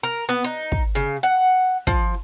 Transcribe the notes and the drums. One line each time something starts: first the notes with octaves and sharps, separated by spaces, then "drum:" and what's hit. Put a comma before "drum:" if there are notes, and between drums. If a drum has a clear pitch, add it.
A#4
B3
D#4
drum: kick
C#3
F#5
F3, drum: kick